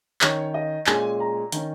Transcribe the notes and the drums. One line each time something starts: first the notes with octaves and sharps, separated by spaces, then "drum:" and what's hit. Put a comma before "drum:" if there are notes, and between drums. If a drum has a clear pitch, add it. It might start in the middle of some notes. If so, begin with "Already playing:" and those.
D#3 C#4 C#5, drum: clap
D#5
A#2 G#3 C#4 G#5, drum: clap
A#5
D#3 C#4, drum: hi-hat